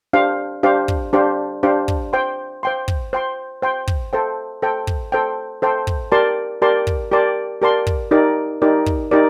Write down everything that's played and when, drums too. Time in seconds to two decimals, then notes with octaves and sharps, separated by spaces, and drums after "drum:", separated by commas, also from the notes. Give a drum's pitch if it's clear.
0.13 D4 G4 C5 F5
0.63 D4 G4 C5 F5
0.88 drum: kick
1.13 D4 G4 C5 F5
1.63 D4 G4 C5 F5
1.88 drum: kick
2.13 C5 G5 C6
2.63 C5 G5 C6
2.88 drum: kick
3.13 C5 G5 C6
3.62 C5 G5 C6
3.87 drum: kick
4.13 A4 C5 G5
4.62 A4 C5 G5
4.87 drum: kick
5.12 A4 C5 G5
5.62 A4 C5 G5
5.87 drum: kick
6.12 G4 A#4 D5 A5 C6
6.62 G4 A#4 D5 A5 C6
6.87 drum: kick
7.12 G4 A#4 D5 A5 C6
7.62 G4 A#4 D5 A5 C6
7.87 drum: kick
8.11 D#4 G4 A#4 D5
8.62 D#4 G4 A#4 D5
8.86 drum: kick
9.11 D#4 G4 A#4 D5